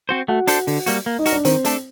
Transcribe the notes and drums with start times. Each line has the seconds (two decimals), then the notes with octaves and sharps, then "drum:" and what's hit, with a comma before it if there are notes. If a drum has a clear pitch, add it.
0.09 C4 F#4 C5
0.28 A3 F#4 F#5
0.47 D4 A4 C5, drum: hi-hat
0.67 D3, drum: open hi-hat
0.86 G3 A#3 F#4, drum: hi-hat
1.06 A#3
1.19 D#4 D#5
1.26 F#4 A#4, drum: hi-hat
1.32 D4 D5
1.45 D#3 C4 C5, drum: hi-hat
1.65 A3 D4 A4, drum: hi-hat